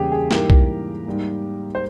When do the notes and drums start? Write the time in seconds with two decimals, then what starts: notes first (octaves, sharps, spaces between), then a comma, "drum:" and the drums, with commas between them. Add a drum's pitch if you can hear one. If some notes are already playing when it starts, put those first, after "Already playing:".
Already playing: E2 C#3 G3 A#3 G4 G#4
0.12 G#4
0.31 G#2 E3 G3 A#3 G4 A#4, drum: snare
0.50 drum: kick B1
1.06 G#2 G3 A#3
1.75 C5